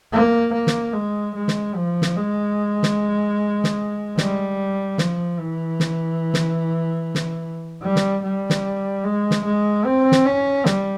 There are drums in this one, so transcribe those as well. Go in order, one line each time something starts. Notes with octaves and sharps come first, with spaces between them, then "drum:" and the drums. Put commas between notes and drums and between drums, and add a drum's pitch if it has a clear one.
A#3
A#3
drum: snare
G#3
G#3
drum: snare
F3
drum: snare
G#3
drum: snare
drum: snare
G3, drum: snare
F3, drum: snare
E3
drum: snare
drum: snare
drum: snare
G3
drum: snare
G3
drum: snare
G#3
drum: snare
G#3
C4
drum: snare
C#4
G3, drum: snare